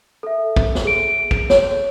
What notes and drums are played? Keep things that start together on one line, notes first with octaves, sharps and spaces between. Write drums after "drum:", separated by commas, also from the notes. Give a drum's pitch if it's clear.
A4 E5
drum: kick
drum: snare
G#4 D7
drum: kick
C#5, drum: snare